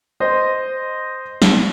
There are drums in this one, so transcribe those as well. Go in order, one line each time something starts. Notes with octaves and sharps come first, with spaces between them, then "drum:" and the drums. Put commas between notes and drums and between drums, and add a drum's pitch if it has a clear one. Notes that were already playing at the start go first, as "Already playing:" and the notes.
C5 D#5
drum: snare